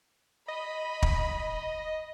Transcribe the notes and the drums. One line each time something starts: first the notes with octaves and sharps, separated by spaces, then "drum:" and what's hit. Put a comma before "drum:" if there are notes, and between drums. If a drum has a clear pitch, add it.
D#5 B5
drum: kick